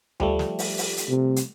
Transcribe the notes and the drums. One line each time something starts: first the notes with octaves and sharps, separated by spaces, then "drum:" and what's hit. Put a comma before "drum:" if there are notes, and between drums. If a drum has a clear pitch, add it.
F3 G3 A3, drum: tom D2
drum: snare
drum: open hi-hat
drum: open hi-hat
drum: hi-hat
C3
drum: hi-hat